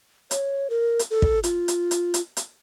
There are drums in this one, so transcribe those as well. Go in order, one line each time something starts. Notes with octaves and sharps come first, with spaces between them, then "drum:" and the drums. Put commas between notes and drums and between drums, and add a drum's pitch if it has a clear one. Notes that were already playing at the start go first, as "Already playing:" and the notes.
C#5, drum: hi-hat
A#4
drum: hi-hat
A4
drum: kick
F4, drum: hi-hat
drum: hi-hat
drum: hi-hat
drum: hi-hat
drum: hi-hat